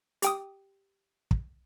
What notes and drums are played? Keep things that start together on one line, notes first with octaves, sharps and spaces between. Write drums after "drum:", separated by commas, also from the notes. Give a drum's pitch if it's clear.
G4 G5 D#6, drum: hi-hat
drum: kick